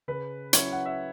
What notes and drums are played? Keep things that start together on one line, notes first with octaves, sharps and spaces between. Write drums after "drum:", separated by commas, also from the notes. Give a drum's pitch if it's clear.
C#3 B4
F#3 C#4 E4 C#5, drum: hi-hat
F#5
E5